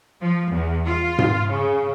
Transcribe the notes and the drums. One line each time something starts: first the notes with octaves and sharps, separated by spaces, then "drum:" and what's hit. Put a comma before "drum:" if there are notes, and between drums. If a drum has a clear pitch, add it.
F3
E2
F4
drum: tom G#2
C#3